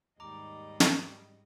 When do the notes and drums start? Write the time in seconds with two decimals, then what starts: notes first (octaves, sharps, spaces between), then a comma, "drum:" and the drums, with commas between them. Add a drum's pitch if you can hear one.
0.20 D#2 G#2 G3 D#5 A#5 D6
0.80 drum: snare